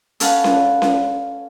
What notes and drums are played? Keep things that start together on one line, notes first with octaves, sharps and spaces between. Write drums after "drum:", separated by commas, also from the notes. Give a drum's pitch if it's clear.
C#4 A4 B4 F5 F#5, drum: hi-hat
drum: snare C#4
drum: snare C#4